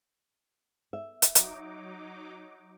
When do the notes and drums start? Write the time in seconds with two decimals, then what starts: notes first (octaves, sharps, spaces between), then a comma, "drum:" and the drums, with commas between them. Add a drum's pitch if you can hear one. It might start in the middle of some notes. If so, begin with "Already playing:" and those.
0.93 E5
1.22 drum: hi-hat
1.35 F#3 D#4 D6, drum: hi-hat